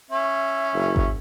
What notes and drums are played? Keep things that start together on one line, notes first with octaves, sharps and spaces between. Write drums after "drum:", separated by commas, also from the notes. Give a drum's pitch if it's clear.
C#4 E5
F#1
drum: kick G#1